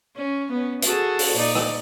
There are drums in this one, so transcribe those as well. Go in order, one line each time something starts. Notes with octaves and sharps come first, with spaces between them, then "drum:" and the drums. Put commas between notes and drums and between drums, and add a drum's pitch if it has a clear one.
C#4
B3 C#4
F#4 G#4 A4, drum: hi-hat
drum: open hi-hat
A#2 D#4 D5
drum: rim click